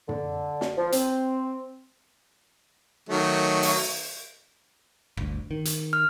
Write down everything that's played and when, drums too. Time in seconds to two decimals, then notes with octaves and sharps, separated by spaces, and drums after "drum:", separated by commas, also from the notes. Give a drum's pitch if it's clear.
0.09 D3, drum: tom
0.61 drum: snare
0.77 F3
0.92 C4, drum: hi-hat
3.09 D#3 F#3 A3
3.63 drum: open hi-hat
5.17 G1 D2, drum: rim click
5.51 D#3
5.65 drum: hi-hat
5.93 F6